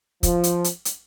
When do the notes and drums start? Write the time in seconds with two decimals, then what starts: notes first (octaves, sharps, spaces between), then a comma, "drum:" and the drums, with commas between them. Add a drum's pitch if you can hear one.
0.23 F3, drum: kick, hi-hat
0.44 drum: hi-hat
0.64 drum: hi-hat
0.85 drum: hi-hat